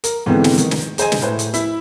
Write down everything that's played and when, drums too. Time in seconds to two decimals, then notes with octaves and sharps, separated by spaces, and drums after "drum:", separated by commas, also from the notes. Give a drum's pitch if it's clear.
0.04 A#4, drum: hi-hat
0.26 G#2 D3 E3 B3 C4
0.44 drum: snare
0.58 D#3, drum: hi-hat
0.71 drum: snare
0.98 G#4 C5 D#5 G#5, drum: hi-hat
1.12 drum: snare
1.22 A2 B4 C5
1.39 drum: hi-hat
1.54 E4, drum: hi-hat